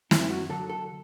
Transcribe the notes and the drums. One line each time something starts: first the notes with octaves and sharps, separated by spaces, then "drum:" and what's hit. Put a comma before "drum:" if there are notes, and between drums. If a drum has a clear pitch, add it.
F#2 E4, drum: snare
F#4
D3 F#3 A4
A4